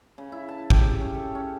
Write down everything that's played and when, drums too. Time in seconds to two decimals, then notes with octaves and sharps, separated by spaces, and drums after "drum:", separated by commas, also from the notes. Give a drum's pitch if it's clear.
0.18 C#3
0.32 E4
0.49 A5
0.70 G4, drum: kick
1.01 C#4
1.15 A4
1.35 C#4